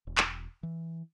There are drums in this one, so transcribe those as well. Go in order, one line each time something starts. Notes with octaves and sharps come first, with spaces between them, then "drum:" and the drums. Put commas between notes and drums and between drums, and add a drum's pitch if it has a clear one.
E1
drum: clap
E3